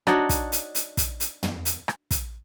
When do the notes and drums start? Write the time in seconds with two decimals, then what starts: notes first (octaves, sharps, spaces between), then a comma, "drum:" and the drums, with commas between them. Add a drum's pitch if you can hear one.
0.07 D4 D#4 F#4 C#5, drum: rim click
0.29 drum: kick, hi-hat
0.52 drum: hi-hat
0.75 drum: hi-hat
0.97 drum: kick, hi-hat
1.20 drum: hi-hat
1.43 drum: tom
1.65 drum: hi-hat
1.88 drum: rim click
2.11 drum: kick, hi-hat